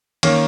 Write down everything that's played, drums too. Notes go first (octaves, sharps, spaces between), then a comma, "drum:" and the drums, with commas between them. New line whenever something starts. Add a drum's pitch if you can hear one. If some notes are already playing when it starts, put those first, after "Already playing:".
D#3 A#3 C#4, drum: cymbal